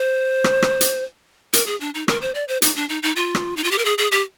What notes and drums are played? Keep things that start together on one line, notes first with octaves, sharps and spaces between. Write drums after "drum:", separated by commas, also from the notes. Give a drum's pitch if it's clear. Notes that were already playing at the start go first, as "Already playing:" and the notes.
Already playing: C5
drum: rim click
drum: rim click
drum: hi-hat
A#4, drum: hi-hat
G#4
D4
D#4
A#4, drum: rim click
C5
D5
C5
D#4, drum: hi-hat
D4
D#4
D#4
F4
drum: rim click
D#4
F4
G4
A#4
G#4
G#4
G4